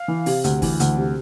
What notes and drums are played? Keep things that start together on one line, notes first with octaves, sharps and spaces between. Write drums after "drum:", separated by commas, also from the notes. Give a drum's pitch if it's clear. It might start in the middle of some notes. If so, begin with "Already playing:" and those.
Already playing: F5
E3
C3, drum: open hi-hat
D2, drum: hi-hat
E3, drum: kick, open hi-hat
D2, drum: hi-hat
C3